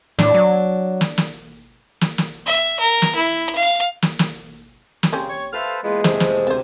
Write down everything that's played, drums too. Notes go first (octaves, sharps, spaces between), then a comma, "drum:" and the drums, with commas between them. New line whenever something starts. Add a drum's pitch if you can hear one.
A2 D4, drum: snare
F#3
drum: snare
drum: snare
drum: snare
drum: snare
E5
A#4
drum: snare
E4
F5
drum: snare
drum: snare
drum: snare
C#3 G3 C4 C#4
C#5 C#6
A3 A4 B4 C5 F5
E2 G#3 A#3 F4 B4
F2 C3 A3 C5 E5 G#5, drum: snare
drum: snare
D2 C3 C4 C5 G#5 A5